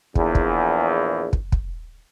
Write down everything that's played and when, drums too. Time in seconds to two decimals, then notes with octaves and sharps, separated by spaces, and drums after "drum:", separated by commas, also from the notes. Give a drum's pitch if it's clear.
0.15 A#1 E2, drum: kick
0.35 drum: kick
1.33 drum: kick
1.52 drum: kick